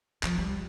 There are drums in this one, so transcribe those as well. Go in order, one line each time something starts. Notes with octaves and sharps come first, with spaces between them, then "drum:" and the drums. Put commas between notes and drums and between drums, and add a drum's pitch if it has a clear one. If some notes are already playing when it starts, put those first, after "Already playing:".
F3, drum: clap
G3